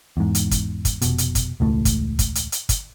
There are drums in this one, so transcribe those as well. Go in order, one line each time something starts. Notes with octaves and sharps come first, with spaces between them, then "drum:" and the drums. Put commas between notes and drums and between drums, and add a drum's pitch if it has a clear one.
E2 G#2
drum: hi-hat
drum: kick, hi-hat
drum: kick, hi-hat
F1 B2, drum: hi-hat
drum: hi-hat
drum: kick, hi-hat
E1 C#2 A2 A3
drum: kick, hi-hat
drum: kick, hi-hat
drum: hi-hat
drum: hi-hat
drum: kick, hi-hat